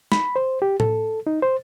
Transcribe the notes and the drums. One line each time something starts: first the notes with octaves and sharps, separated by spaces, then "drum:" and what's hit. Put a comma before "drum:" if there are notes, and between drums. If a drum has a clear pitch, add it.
B5, drum: snare
C5
G4
A4, drum: tom A2
D#4
C5